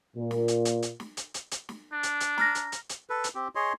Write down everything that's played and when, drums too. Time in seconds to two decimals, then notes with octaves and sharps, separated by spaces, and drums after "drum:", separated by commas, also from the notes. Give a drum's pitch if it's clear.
0.16 A#2
0.31 drum: snare
0.48 drum: hi-hat
0.65 drum: hi-hat
0.82 drum: hi-hat
1.00 drum: snare
1.17 drum: hi-hat
1.34 drum: hi-hat
1.51 drum: hi-hat
1.69 drum: snare
1.92 D4
2.03 drum: hi-hat
2.20 drum: hi-hat
2.38 A#5 F6 A#6, drum: snare
2.55 drum: hi-hat
2.72 drum: hi-hat
2.89 drum: hi-hat
3.10 A4 B4
3.24 drum: hi-hat
3.35 C4 G4
3.55 G#4 C#5 D#5 C6